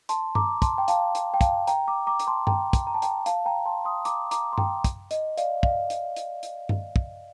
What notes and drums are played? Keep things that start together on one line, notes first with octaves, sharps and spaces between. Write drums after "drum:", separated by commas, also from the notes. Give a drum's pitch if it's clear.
A5 C6, drum: hi-hat
A#5 D6, drum: tom G2
A5 C6, drum: kick, hi-hat
G5
F5 A5, drum: hi-hat
drum: hi-hat
G5
F5 A5, drum: kick, hi-hat
G5 A#5, drum: hi-hat
A#5 D6
A#5 D6
D6, drum: hi-hat
A5 C6
G5 A#5, drum: tom G2
drum: kick, hi-hat
A#5
A5
G5 A#5, drum: hi-hat
F5 A5, drum: hi-hat
G5 A#5
A5 C6
C6 D#6
A#5 D6, drum: hi-hat
A#5 D6, drum: hi-hat
C6
G5 A#5, drum: tom G2
drum: kick, hi-hat
D#5, drum: hi-hat
D5 F5, drum: hi-hat
D5 F5, drum: kick
drum: hi-hat
drum: hi-hat
drum: hi-hat
drum: tom G2
drum: kick